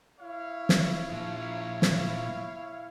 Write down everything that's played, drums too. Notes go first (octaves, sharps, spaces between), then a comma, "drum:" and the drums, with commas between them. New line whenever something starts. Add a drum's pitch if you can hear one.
E4 C#5 F5
drum: snare
A#2 F3
drum: snare